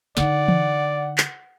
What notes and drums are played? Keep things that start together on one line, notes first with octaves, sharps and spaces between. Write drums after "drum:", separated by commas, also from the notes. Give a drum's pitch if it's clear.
D3 D#4 D5 F#5, drum: snare
drum: tom E3
drum: clap